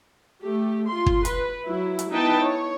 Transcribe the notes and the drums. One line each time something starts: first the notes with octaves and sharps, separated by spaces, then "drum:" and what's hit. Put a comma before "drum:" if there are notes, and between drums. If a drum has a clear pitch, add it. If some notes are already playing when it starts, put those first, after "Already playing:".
A3 G4
F4 C6
drum: kick
B4, drum: hi-hat
F#3 E4
drum: hi-hat
B3 D#4 E4 B4 G5 A5
C#5